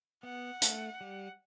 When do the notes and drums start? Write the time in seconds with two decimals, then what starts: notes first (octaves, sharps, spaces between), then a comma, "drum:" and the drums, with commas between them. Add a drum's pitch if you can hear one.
0.23 B3 F#5
0.62 A3, drum: hi-hat
1.01 G3